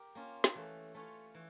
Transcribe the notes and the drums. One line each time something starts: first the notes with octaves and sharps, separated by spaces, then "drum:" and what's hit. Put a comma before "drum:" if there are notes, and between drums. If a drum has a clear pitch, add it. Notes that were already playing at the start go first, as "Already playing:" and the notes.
Already playing: G4 A#4
A#3 C#4 F4
drum: snare
E3 A3 C#4
A3 C#4 F4 C#5
E3